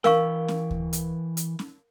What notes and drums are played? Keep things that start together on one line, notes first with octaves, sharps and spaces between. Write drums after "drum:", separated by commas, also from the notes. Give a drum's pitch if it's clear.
E3 E4 A#4 F5 G5 C#6, drum: snare C#4
drum: snare C#4
drum: kick D2
drum: hi-hat
drum: hi-hat
drum: snare C#4